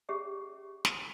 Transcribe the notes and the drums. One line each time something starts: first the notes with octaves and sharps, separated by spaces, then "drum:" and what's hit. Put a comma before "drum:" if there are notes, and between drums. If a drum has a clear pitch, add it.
C#4 G4 G#4 E5
drum: snare